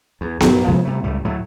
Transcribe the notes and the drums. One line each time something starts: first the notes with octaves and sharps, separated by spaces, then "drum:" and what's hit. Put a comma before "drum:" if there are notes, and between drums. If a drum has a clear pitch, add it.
E2
B1 G2 A#2, drum: snare B3
C3 F3 G#3 A3
C3 G3 A3
C#2 A2 G3 A3
D2 A2 F#3 A3